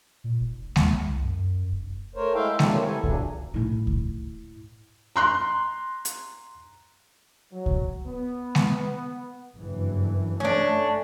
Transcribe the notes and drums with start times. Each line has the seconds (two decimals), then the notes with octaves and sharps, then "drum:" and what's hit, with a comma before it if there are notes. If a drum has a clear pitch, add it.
0.24 A#2
0.41 F1
0.76 D#2, drum: snare G#3
0.92 C2
1.24 F#2
1.72 F1
2.15 A3 A#4 C5 C#5
2.34 G#3 E4 E5 F5 G5
2.59 F#3 A3 C4 D4 E4, drum: snare G#3
2.72 G4 A#4 C5 C#5
2.85 B3 E4 A4 G#5
3.04 G2 A#2 C#3 E3 F#3 D4, drum: kick C#2
3.54 A2 E4
3.87 drum: kick C#2
5.16 A#5 C6 F#6
6.05 drum: hi-hat
7.52 F#3
7.66 drum: kick C#2
8.07 B3
8.55 drum: snare G#3
9.55 F#1 G2 E3
10.40 A3 C#4 D4